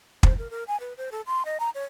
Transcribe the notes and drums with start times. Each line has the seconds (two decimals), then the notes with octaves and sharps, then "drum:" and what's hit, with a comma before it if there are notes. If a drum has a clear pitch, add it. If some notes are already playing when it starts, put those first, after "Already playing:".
0.23 C5, drum: kick
0.38 A#4
0.50 A#4
0.68 G#5
0.80 B4
0.97 C5
1.11 A4
1.27 C6
1.45 D#5
1.60 A#5
1.75 C#5